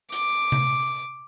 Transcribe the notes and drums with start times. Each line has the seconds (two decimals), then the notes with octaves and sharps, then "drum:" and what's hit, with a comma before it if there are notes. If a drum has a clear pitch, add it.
0.12 D6, drum: hi-hat
0.52 drum: tom C3